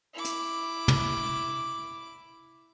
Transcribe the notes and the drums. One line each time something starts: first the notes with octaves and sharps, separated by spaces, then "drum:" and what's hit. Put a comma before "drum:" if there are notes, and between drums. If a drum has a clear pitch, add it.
E4 D6
drum: hi-hat
drum: tom